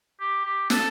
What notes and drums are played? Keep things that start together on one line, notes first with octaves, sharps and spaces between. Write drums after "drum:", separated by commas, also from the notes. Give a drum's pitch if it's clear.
G4
G4
A4, drum: snare